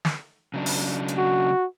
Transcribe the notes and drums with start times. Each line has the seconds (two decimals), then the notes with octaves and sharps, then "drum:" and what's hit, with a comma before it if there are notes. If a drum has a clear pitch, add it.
0.05 drum: snare
0.54 C#3 F#3 D4
0.66 drum: open hi-hat
1.08 drum: hi-hat
1.18 F#4